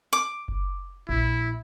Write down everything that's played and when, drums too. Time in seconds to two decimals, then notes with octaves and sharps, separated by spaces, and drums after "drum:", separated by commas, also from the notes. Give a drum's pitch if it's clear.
0.13 D6
0.48 drum: kick F#1
1.09 A#1 E4